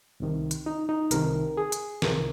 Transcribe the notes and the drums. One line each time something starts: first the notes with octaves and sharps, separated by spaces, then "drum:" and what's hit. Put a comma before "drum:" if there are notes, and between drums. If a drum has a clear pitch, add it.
C2 C3 D#3
drum: hi-hat
D#4
D#4
C2 C3 D#3 A#4, drum: hi-hat
G#4
drum: hi-hat
C2 C3 D#3 A#4, drum: snare